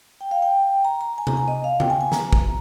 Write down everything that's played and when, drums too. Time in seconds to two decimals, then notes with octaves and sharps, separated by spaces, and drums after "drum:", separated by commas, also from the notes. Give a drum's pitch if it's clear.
0.21 G5
0.31 F5
0.42 G5
0.85 A#5
1.01 A#5
1.18 G#5
1.27 A#5, drum: tom C3
1.37 G#5
1.48 D#5
1.64 F5
1.80 G5, drum: tom C#3
1.90 G#5
2.01 G#5
2.12 A#5, drum: snare
2.33 drum: kick